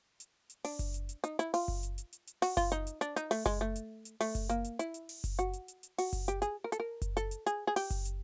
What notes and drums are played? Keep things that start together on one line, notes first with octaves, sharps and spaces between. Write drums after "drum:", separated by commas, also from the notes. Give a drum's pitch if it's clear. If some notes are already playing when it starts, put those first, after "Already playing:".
drum: hi-hat
drum: hi-hat
D4, drum: open hi-hat
drum: kick F#1, hi-hat
drum: hi-hat
drum: hi-hat
D#4, drum: hi-hat
E4, drum: hi-hat
F4, drum: open hi-hat
drum: kick F#1
drum: hi-hat
drum: hi-hat
drum: hi-hat
drum: hi-hat
F#4, drum: open hi-hat
F4, drum: kick F#1, hi-hat
D#4, drum: hi-hat
drum: hi-hat
D4, drum: hi-hat
D#4, drum: hi-hat
A3, drum: open hi-hat
G#3, drum: kick F#1, hi-hat
A3
drum: hi-hat
drum: hi-hat
A3, drum: open hi-hat
drum: kick F#1, hi-hat
A#3, drum: hi-hat
drum: hi-hat
E4, drum: hi-hat
drum: hi-hat
drum: open hi-hat
drum: kick F#1, hi-hat
F#4, drum: hi-hat
drum: hi-hat
drum: hi-hat
drum: hi-hat
F#4, drum: open hi-hat
drum: kick F#1, hi-hat
G4, drum: hi-hat
G#4, drum: hi-hat
A#4
A4, drum: hi-hat
A#4
drum: kick F#1, hi-hat
A4, drum: hi-hat
drum: hi-hat
G#4, drum: hi-hat
G#4
G4, drum: open hi-hat
drum: kick F#1, hi-hat
drum: hi-hat